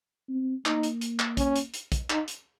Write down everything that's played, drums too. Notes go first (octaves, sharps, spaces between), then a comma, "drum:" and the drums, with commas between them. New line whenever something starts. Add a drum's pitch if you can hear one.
C4
A#3 D#4, drum: clap
drum: hi-hat
drum: hi-hat
drum: clap
C#4, drum: kick, hi-hat
drum: hi-hat
drum: hi-hat
drum: kick, hi-hat
D#4, drum: clap
drum: hi-hat